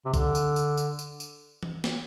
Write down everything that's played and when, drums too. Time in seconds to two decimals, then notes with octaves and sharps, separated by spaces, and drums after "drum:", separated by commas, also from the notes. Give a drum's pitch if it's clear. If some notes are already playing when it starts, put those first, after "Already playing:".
0.06 C3
0.14 D3, drum: kick, tambourine
0.35 drum: tambourine
0.56 drum: tambourine
0.77 drum: tambourine
0.99 drum: tambourine
1.20 drum: tambourine
1.63 drum: tom E3
1.84 drum: snare